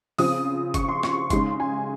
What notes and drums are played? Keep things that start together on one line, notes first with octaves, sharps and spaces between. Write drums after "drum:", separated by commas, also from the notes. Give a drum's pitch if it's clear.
C#3 F3 C4 D#6, drum: open hi-hat
C#6, drum: kick F1, hi-hat
C6
C#6, drum: snare
C#3 G#3 D#4 C6, drum: kick F1, hi-hat
G#5